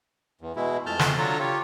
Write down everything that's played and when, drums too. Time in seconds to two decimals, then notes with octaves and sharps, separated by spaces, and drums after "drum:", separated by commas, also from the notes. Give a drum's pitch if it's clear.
0.41 E2
0.56 B2 G#3 E4
0.86 F2 G#3 A3 A5 F6 G6
0.99 drum: snare
1.18 F#3 D4 F4 A4 C#5 A#5
1.40 F4 G4 C#5